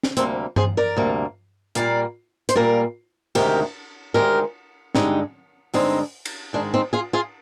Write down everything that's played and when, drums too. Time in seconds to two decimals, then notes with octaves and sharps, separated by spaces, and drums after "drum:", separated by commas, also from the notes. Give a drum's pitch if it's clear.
0.03 drum: snare
0.17 D2 C3 G3 A#3 C4, drum: hi-hat
0.56 G#4 C5, drum: tom G2
0.77 A#4 D5
0.97 D2 C3 G3 A#3
1.75 A#2 G3 A#3 D5 F5, drum: hi-hat
2.49 C5, drum: hi-hat
2.55 A#2 G3 A#3 A#4 D5
3.35 D2 C3 D#3 G#3 G4 A#4, drum: cymbal
4.14 D2 C3 D#3 G#3 G4 A#4
4.95 G2 D3 G#3 D#4 G4, drum: snare
5.74 G2 D3 G#3 C4 D#4, drum: open hi-hat
6.25 drum: cymbal
6.53 G#2 D#3 G#3 D4
6.74 C4 D#4
6.93 F4 G#4
7.13 F4 G#4